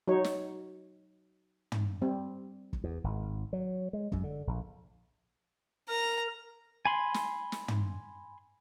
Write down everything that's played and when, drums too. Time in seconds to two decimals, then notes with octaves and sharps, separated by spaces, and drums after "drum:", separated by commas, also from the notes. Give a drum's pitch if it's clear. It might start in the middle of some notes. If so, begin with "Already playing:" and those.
0.08 F#3 D#4 C#5
0.24 drum: snare
1.72 drum: tom
2.02 G3 C4
2.73 drum: kick
2.84 E2
3.04 G#1
3.53 F#3
3.93 G#3
4.12 F#2, drum: kick
4.24 D3
4.47 A#1
5.89 A#4 A#5
6.85 G#5 B5 C6
7.14 drum: snare
7.52 drum: snare
7.68 drum: tom